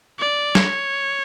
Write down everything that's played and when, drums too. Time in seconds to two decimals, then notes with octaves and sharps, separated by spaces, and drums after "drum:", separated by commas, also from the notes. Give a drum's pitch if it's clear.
0.20 D5
0.55 C#5, drum: snare